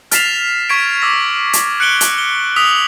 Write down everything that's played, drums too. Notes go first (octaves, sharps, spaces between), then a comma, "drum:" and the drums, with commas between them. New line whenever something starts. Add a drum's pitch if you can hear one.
F6 A6 B6 C7 E7 F7, drum: hi-hat
C#6 G#6 B6 D7
D6 E6 A#6
drum: hi-hat
F#6 C#7 D7 F#7 G7
drum: hi-hat
G7
D#6 E6 B6 F7